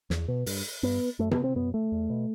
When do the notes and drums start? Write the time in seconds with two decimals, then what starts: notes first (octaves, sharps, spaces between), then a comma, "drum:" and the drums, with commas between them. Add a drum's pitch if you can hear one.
0.10 E2, drum: snare
0.28 B2
0.46 G2, drum: open hi-hat
0.83 G2 B3
1.19 F#2 A3
1.31 B3, drum: tom C3
1.44 C4
1.56 F#2 B3
1.74 A3
1.92 E2
2.10 B2